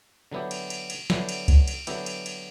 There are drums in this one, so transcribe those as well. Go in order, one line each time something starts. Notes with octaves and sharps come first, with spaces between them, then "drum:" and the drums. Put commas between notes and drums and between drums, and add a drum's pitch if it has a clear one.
D3 F#3 B3 E4 G4
drum: cymbal
drum: cymbal
drum: cymbal
D3 F#3 B3 E4 G4, drum: snare
drum: cymbal
drum: kick C#2, cymbal
drum: cymbal
D3 F#3 B3 E4 G4, drum: cymbal
drum: cymbal
drum: cymbal